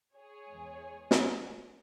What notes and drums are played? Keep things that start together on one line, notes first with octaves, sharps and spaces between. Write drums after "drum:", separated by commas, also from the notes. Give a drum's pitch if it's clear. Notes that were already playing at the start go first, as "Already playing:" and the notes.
G#4 C#5
E2 E3 G#3
drum: snare